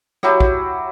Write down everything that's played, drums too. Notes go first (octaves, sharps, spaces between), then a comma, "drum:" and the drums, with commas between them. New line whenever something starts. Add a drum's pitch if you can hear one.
F#3 E4 F#4 G4, drum: rim click
drum: kick A#1